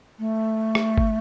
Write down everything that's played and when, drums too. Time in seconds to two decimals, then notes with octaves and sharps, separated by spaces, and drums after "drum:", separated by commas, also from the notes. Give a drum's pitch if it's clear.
0.19 A3
0.75 drum: rim click
0.98 drum: kick